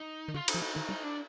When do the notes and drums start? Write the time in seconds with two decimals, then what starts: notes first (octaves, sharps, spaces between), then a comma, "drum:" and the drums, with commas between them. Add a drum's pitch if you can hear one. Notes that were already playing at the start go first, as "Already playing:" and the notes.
Already playing: D#4
0.28 D#3
0.34 D3 F4
0.48 D#4, drum: cymbal
0.54 F3
0.62 D#4
0.75 D#3 D#4
0.89 G3 D#4
1.03 D4